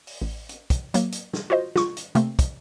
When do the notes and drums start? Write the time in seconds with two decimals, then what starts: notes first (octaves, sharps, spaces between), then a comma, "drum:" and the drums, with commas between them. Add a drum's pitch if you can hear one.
0.07 drum: open hi-hat
0.22 A1
0.49 drum: hi-hat
0.70 drum: kick, hi-hat
0.94 F#3 A#3, drum: hi-hat
1.12 drum: hi-hat
1.33 drum: snare
1.50 F4 F#4 C5 D#5
1.76 F4 C#6, drum: snare
1.97 drum: hi-hat
2.15 C3 A3 A#3 C4, drum: hi-hat
2.39 drum: kick, hi-hat